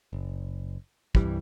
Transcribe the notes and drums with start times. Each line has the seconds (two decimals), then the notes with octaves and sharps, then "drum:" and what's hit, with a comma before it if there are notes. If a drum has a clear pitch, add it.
0.13 F#1
1.15 C2 G2 E3 G3, drum: kick